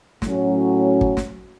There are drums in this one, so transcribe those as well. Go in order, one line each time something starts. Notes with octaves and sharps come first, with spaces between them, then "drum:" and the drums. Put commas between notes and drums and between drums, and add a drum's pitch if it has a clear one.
A2 F#3 C#4, drum: snare
drum: kick
drum: snare